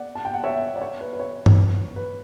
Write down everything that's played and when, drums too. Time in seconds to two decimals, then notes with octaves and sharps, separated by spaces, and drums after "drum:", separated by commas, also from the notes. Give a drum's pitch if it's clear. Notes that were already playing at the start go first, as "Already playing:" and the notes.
Already playing: D5 F#5
0.15 A5
0.25 G5
0.34 F#5
0.44 C#5 E5
0.76 D5
0.81 C#5
1.01 B4
1.13 B4
1.20 C#5
1.46 drum: tom G2
1.96 B4